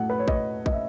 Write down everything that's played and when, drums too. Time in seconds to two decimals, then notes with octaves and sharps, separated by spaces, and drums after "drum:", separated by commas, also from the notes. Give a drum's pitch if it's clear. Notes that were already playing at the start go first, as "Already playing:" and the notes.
Already playing: A2 F#3 A3 F#5
0.09 B4
0.19 C#5
0.28 D#5, drum: kick
0.66 D#5, drum: kick
0.72 E5